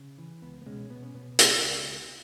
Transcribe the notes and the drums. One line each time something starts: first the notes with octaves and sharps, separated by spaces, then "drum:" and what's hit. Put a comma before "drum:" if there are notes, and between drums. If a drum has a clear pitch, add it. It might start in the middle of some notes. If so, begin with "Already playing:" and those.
Already playing: C#3
E3
C#2 B3
B3
B2 G#3 C#4
B2 B3
C#4
B2 B3
C#2, drum: hi-hat
C#2